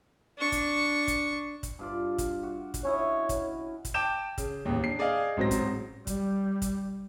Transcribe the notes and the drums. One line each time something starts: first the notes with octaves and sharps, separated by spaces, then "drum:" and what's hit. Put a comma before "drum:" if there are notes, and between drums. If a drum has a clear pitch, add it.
D4 C#6
drum: kick, hi-hat
drum: kick, hi-hat
drum: kick, hi-hat
G2 F4 D5
drum: kick, hi-hat
F#4
drum: kick, hi-hat
C#4 E4 C#5 D#5
drum: kick, hi-hat
drum: kick, hi-hat
G5 A5 D6 G6 E7
C#3, drum: kick, hi-hat
A1 D#2
D4 C7
G#4 D5 D#5 F5
A1 G#2 F#3 C4 C5 A#6
drum: kick, hi-hat
G3, drum: kick, hi-hat
drum: kick, hi-hat